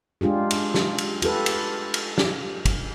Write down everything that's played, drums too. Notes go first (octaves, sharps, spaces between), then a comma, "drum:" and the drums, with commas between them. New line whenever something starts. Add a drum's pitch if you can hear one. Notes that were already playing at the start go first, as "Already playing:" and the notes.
G#3 D4 F4 G4 G#4
drum: cymbal
drum: snare
drum: cymbal
F4 G4 A4 B4, drum: cymbal
drum: cymbal
drum: cymbal
drum: snare
drum: kick, cymbal